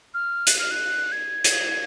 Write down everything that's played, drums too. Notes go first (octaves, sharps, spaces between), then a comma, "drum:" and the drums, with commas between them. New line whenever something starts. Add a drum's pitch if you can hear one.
F6
F#6, drum: hi-hat
F6
F#6
G#6
drum: hi-hat